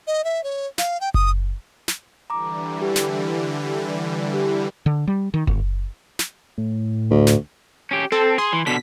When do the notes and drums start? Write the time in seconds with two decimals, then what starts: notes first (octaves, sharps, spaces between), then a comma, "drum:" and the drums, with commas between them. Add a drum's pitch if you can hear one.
0.07 D#5
0.24 E5
0.44 C#5
0.78 F5, drum: snare
1.01 G5
1.14 D#6, drum: kick F#1
1.88 drum: snare
2.30 D3 E3 G3 A#5 D6
2.82 G4
2.96 drum: snare
4.34 G4
4.86 D3
5.07 G3
5.34 D#3
5.47 G1, drum: kick F#1
6.19 drum: snare
6.58 A2
7.11 D2
7.27 drum: snare
7.91 C#4 G4
8.12 C4 A4
8.38 G#4 C6
8.53 E3
8.67 B2 D3 B6